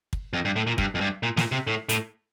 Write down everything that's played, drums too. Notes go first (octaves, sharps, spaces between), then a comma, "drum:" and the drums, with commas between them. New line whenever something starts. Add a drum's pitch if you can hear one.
drum: kick
F2
G2
A2
A#2
G2, drum: kick
F2
G2
A#2
A#2, drum: snare
C3
A2
A2, drum: hi-hat